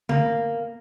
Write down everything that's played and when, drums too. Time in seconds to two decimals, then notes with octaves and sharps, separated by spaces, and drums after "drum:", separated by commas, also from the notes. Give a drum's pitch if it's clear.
0.09 A#3, drum: tom